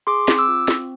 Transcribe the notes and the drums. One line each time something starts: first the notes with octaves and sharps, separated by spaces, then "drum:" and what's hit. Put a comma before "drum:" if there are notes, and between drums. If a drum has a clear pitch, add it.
G#4 C6 D6
C4, drum: snare
D6 E6
F4
C4, drum: snare